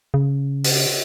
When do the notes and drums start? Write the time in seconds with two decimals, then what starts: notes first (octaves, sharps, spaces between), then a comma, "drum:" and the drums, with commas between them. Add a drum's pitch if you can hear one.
0.14 C#3
0.64 drum: open hi-hat